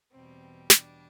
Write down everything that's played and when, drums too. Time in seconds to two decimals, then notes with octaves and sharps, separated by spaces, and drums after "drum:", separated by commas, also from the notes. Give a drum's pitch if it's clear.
0.12 E2 B2 G3 C4
0.70 D4, drum: snare